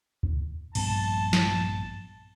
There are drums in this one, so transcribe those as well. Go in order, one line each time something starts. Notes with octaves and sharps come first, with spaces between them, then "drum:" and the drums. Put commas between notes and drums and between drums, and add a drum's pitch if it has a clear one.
drum: kick
A#1 G2 B3 A5, drum: cymbal
drum: snare